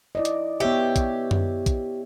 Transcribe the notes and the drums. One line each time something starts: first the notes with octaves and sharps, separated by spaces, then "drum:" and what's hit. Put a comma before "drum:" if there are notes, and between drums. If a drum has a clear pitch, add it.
E4 D5 D#5
drum: hi-hat
B3 G4 C#5 E5
drum: kick, hi-hat
drum: tom F#2
drum: kick, hi-hat